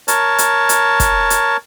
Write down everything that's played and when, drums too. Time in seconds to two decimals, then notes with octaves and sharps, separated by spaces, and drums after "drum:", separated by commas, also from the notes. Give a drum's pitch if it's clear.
0.08 A#4 C#5 A5, drum: hi-hat
0.38 drum: hi-hat
0.69 drum: hi-hat
1.00 drum: kick, hi-hat
1.30 drum: hi-hat